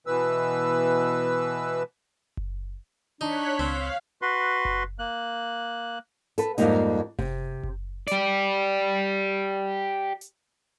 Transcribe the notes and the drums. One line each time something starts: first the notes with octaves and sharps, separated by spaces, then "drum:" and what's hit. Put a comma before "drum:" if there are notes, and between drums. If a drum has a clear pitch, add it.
B2 E3 B4 E6
drum: kick F#1
D4 D#4 C#5 F#6 B6
C#2 C4 F5
F#4 B4 C6
drum: kick F#1
A#3 F#6
A4 B4, drum: hi-hat
F2 G#2 F3 G3 A#3 D#4, drum: hi-hat
C3, drum: kick F#1
drum: kick F#1
G4 D5, drum: hi-hat
drum: hi-hat